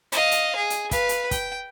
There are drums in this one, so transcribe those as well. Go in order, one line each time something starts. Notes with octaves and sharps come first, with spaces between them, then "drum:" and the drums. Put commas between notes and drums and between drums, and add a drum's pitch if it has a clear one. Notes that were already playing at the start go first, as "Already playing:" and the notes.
D#5 F5, drum: hi-hat
drum: hi-hat
G#4
drum: hi-hat
B4 F5, drum: kick, hi-hat
drum: hi-hat
G5, drum: kick, hi-hat